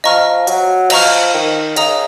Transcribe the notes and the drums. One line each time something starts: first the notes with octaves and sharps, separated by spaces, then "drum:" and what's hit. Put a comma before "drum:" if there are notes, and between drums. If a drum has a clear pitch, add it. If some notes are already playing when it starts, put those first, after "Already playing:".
F3 D#5 A#5 C#6 F6
F#3, drum: hi-hat
F3 D#5 A#5 C#6 F6, drum: cymbal
D#3
C#3 D#5 A#5 D#6, drum: hi-hat